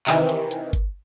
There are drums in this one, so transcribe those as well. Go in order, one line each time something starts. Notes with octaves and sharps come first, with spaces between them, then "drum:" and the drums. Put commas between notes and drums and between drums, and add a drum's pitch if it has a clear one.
C3 D#3 E3, drum: clap
drum: hi-hat
drum: hi-hat
drum: kick G1, hi-hat